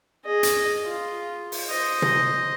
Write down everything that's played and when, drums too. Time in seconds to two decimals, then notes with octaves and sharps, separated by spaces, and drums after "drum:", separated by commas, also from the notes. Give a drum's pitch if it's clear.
0.25 G#4 D#5
0.43 drum: hi-hat
0.85 F4
1.52 drum: open hi-hat
1.69 C5 D#5
2.02 drum: tom